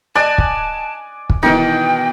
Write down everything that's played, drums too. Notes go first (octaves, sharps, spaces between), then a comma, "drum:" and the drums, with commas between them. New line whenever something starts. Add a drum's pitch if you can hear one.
D5 D#5 G#5 A5 F#6
drum: kick
drum: kick
B2 D#3 E3 D#4 G5